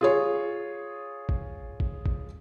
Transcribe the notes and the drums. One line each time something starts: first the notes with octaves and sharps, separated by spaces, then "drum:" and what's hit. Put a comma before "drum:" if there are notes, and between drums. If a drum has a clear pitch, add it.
F4 G#4 C#5
drum: kick
drum: kick
drum: kick